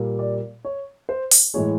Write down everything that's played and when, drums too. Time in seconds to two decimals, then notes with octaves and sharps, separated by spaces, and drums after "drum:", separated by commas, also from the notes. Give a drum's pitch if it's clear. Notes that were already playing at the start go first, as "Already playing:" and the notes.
Already playing: A#2 G3 A#3
0.19 D5
0.65 C#5
1.09 C5
1.31 drum: open hi-hat
1.54 A2 E3 G#3 C#5